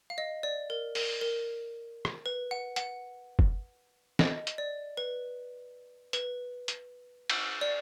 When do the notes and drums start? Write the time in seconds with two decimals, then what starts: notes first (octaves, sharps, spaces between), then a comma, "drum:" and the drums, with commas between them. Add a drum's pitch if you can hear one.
0.10 F5
0.18 D#5
0.43 D5
0.70 A#4
0.95 A#4, drum: open hi-hat
1.21 A#4
2.05 drum: rim click
2.26 B4
2.51 F#5
2.76 F#5, drum: hi-hat
3.39 drum: kick
4.19 D#5, drum: snare
4.47 drum: hi-hat
4.58 D5
4.97 B4
6.13 B4, drum: hi-hat
6.68 drum: hi-hat
7.30 drum: cymbal
7.61 D5